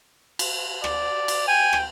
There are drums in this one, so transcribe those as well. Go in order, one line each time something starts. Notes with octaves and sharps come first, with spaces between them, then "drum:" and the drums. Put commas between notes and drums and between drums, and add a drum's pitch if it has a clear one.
drum: cymbal
D5, drum: rim click
drum: cymbal
G5 G#5
drum: rim click